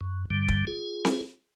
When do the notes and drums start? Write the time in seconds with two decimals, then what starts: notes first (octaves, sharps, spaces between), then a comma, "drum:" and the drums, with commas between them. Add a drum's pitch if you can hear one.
0.01 F#2
0.30 G2 D3 G3
0.48 drum: kick
0.67 F4 G#4
1.05 drum: snare C4